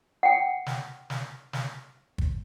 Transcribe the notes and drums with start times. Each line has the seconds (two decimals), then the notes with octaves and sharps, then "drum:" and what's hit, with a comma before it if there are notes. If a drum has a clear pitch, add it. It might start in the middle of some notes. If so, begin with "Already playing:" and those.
0.23 F#5 G5
0.66 drum: snare
1.10 drum: snare
1.53 drum: snare
2.18 drum: kick